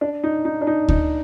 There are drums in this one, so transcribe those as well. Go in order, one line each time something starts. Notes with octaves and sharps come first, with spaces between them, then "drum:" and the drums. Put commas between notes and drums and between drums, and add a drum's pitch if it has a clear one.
D4
D#4
D#4
D4
D#4
D#4, drum: kick D2